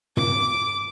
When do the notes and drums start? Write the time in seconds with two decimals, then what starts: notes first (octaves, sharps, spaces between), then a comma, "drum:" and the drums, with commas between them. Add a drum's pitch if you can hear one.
0.17 D6, drum: tom